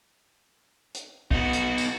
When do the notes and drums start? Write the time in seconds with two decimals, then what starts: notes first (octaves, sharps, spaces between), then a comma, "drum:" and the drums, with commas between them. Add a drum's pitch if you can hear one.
0.94 drum: hi-hat
1.31 B3 D#4 F#4, drum: kick
1.53 drum: hi-hat
1.78 drum: tambourine